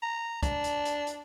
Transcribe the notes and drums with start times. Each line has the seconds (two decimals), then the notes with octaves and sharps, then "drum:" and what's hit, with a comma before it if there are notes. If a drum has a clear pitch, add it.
0.02 A#5
0.43 D4, drum: kick, hi-hat
0.64 drum: hi-hat
0.85 drum: hi-hat
1.07 drum: hi-hat